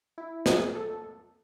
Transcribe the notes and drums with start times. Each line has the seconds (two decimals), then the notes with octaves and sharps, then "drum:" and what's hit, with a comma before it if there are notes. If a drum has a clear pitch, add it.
0.18 E4
0.46 G#4, drum: snare
0.75 A4